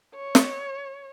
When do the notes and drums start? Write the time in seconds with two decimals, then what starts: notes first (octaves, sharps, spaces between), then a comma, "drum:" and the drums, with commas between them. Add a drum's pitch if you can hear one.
0.15 C#5
0.35 drum: snare